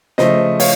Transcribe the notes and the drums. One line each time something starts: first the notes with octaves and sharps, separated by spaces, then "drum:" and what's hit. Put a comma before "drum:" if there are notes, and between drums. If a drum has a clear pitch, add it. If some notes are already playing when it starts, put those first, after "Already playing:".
C#3 F3 A3 C5 D#5, drum: snare
C#5 F5, drum: open hi-hat